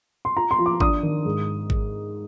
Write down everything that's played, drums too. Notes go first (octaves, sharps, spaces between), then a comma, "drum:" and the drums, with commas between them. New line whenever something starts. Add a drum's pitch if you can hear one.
C6
F4 A#5
C6
F3
D6
D4 D#6, drum: kick G#1
D#3
G#2
drum: kick G#1